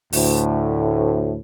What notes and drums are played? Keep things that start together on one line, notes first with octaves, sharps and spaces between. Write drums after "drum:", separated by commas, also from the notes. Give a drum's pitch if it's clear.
D2 A2, drum: open hi-hat